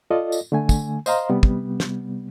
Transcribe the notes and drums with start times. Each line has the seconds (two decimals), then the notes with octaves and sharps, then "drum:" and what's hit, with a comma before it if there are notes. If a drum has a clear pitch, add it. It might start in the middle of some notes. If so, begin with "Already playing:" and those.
0.11 F4 A4 D5 D#5
0.32 drum: tambourine
0.52 D3 A3 G#5
0.69 drum: kick, tambourine
1.06 C5 D#5 F5 A#5 C6, drum: tambourine
1.30 C3 G3 B3
1.43 drum: kick
1.80 drum: snare